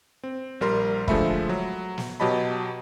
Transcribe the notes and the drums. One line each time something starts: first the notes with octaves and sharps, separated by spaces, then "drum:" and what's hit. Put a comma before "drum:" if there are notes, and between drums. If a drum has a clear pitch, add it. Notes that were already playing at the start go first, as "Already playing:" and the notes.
C4
A#1 G3 A#4 C6
D3 F3 G#3 A3 E5 B5, drum: kick
F#3
drum: snare
B2 F#3 G4 D#5 A5 B5